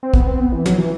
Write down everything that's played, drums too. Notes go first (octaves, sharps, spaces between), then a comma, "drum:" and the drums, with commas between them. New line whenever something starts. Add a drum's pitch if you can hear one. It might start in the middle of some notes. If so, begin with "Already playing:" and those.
C4
B3, drum: kick
C4
B3
E3
F#3, drum: snare
E3